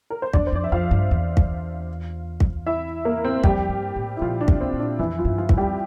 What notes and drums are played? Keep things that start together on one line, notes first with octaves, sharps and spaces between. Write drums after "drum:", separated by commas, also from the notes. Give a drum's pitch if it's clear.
A#4
C5
E2 D4 D5, drum: kick
C5
F2 D5
E5
F2 F4 F5
G2
E2
drum: kick
drum: kick
E4 E5
A#3 A#4
C4 C5
F2 G3 G4, drum: kick
G2
A2
E4
A#2 F3 F4
D4
C3, drum: kick
C4
A#2
D4
F2 E3 E4
F3 F4
G2
F3 F4
F2 F4, drum: kick
G3 G4